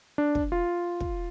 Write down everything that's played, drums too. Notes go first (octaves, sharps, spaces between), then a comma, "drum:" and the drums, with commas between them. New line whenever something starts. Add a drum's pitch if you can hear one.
D4
drum: kick
F4
drum: kick